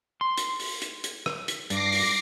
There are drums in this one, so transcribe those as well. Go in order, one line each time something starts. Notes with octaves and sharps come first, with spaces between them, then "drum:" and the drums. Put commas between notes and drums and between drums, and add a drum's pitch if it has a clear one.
C6
drum: hi-hat
drum: open hi-hat
drum: hi-hat
drum: hi-hat
drum: rim click
drum: hi-hat
G2 D6 A#6 C7, drum: hi-hat
drum: open hi-hat